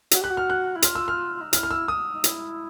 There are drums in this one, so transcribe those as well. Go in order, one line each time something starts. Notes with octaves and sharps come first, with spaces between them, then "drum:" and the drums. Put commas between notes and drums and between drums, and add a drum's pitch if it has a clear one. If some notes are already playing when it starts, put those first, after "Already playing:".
F#4, drum: hi-hat
G4 F#6
F#4
F6
F#6
E4
F4 F6, drum: hi-hat
E6
F6
D#4
E4 F6, drum: hi-hat
F6
E6
D#6
D#4
E4, drum: hi-hat